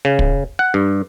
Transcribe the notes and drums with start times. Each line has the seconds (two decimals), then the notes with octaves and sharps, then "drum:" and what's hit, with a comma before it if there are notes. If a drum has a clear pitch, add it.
0.05 C#3
0.19 drum: kick
0.59 F#5
0.74 G2